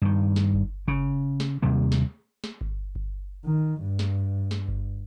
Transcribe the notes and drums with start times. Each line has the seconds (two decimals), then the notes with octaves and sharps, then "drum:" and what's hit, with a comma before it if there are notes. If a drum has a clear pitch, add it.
0.02 G2 D#3
0.36 drum: snare
0.54 drum: kick G1
0.88 C#3, drum: kick G1
1.40 drum: snare
1.62 D#2 C3 G3 A#3
1.92 drum: snare
2.44 drum: snare
2.61 drum: kick G1
2.95 drum: kick G1
3.44 D#3
3.82 G2
3.99 drum: snare
4.51 drum: snare
4.68 drum: kick G1